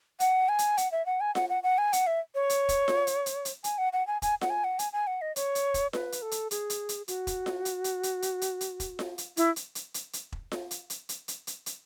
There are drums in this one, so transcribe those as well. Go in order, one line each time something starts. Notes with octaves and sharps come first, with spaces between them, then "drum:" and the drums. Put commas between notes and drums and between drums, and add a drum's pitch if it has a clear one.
F#5, drum: hi-hat
G#5
drum: hi-hat
F#5, drum: hi-hat
E5
F#5
G#5
F#5, drum: snare F4
F#5
F#5
G#5
F#5, drum: hi-hat
E5
C#5
drum: hi-hat
drum: kick E1, hi-hat
drum: snare F4
drum: hi-hat
drum: hi-hat
drum: hi-hat
G#5, drum: hi-hat
F#5
F#5
G#5
G#5, drum: kick E1, hi-hat
F#5, drum: snare F4
G#5
F#5
G#5, drum: hi-hat
G#5
F#5
D#5
C#5, drum: hi-hat
drum: hi-hat
drum: kick E1, hi-hat
B4, drum: snare F4
drum: hi-hat
A4
drum: hi-hat
G#4, drum: hi-hat
drum: hi-hat
drum: hi-hat
F#4, drum: hi-hat
drum: kick E1, hi-hat
drum: snare F4
drum: hi-hat
drum: hi-hat
drum: hi-hat
drum: hi-hat
drum: hi-hat
drum: hi-hat
drum: kick E1, hi-hat
drum: snare F4
drum: hi-hat
E4, drum: hi-hat
drum: hi-hat
drum: hi-hat
drum: hi-hat
drum: hi-hat
drum: kick E1
drum: snare F4
drum: hi-hat
drum: hi-hat
drum: hi-hat
drum: hi-hat
drum: hi-hat
drum: hi-hat